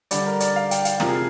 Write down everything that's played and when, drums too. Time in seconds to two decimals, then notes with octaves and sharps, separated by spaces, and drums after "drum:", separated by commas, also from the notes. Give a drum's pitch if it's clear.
0.11 D3 G3 D5, drum: hi-hat
0.26 A#4
0.40 D5, drum: hi-hat
0.56 F5
0.71 G5, drum: hi-hat
0.85 F5, drum: hi-hat
1.00 C3 F3 A#4, drum: snare
1.08 G#4